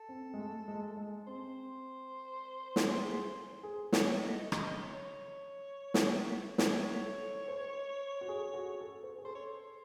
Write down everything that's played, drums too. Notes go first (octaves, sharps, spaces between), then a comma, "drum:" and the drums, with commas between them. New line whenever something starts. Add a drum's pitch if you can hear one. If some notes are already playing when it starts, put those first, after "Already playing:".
Already playing: A4
C4
G#3
A3
G#3
G#3
C4 C5
drum: snare
G#4
G#4
A4 C#5, drum: snare
D#5
D#5, drum: rim click
C#5
drum: snare
C5 C#5, drum: snare
A4
C5
F#4
G#4
A4
F#4
G#4
A4
C5
G#4
A4 C5
C#5
C5